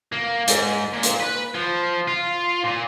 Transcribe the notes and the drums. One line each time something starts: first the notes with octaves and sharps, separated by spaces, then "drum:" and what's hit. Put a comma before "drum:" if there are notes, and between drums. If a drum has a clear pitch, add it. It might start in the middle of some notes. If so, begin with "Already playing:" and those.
A#3
G#2, drum: hi-hat
A#2
drum: hi-hat
B4
F3
F4
A#2